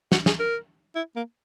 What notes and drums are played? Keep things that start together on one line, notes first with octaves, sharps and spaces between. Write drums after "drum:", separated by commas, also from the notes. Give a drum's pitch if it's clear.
F#4, drum: snare
G#4, drum: snare
A#4
E4
A#3